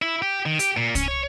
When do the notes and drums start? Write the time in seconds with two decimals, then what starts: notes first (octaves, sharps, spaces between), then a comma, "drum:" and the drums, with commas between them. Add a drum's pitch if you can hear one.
0.02 E4
0.22 G4
0.46 D#3
0.59 G4, drum: hi-hat
0.77 A#2
0.95 C#4, drum: kick C2, hi-hat
1.08 C#5